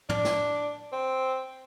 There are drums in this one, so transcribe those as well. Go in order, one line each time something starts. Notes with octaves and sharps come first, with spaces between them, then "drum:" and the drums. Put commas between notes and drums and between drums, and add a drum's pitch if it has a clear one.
D4, drum: tom
drum: snare
C4